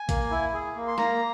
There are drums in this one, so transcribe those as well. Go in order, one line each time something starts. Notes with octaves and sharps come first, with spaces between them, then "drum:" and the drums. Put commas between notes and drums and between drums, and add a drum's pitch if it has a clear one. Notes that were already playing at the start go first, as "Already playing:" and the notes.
Already playing: G#5
A#3, drum: kick A#1, hi-hat
E4
G#4
A#3
C6
A#3 A#5, drum: snare